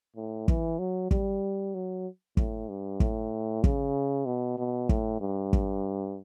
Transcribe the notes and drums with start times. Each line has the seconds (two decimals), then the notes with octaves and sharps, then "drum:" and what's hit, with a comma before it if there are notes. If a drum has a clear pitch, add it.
0.16 A2
0.48 E3, drum: kick
0.79 F#3
1.11 G3, drum: kick
1.74 F#3
2.37 A2, drum: kick
2.69 G2
3.00 A2, drum: kick
3.64 C#3, drum: kick
4.26 B2
4.58 B2
4.89 A2, drum: kick
5.21 G2
5.53 drum: kick